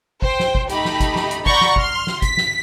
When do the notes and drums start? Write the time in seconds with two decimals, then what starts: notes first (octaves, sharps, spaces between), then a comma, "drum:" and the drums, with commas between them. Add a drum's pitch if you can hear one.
0.22 C5 G5, drum: kick
0.40 drum: snare
0.55 drum: kick
0.69 A3 D#4 G4 B5, drum: hi-hat
0.85 drum: snare
1.00 drum: kick, hi-hat
1.16 drum: snare
1.31 drum: hi-hat
1.46 D5 F#5 A#5 B5 C#6 G6, drum: kick
1.61 drum: snare
1.76 C6 F6, drum: kick
2.07 drum: snare
2.22 B6, drum: kick, hi-hat
2.37 drum: snare